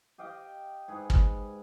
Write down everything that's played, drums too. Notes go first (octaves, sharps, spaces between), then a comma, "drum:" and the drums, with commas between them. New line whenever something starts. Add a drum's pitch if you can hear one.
G4 D#5 F5 G5
G#2 G#4 B4
drum: kick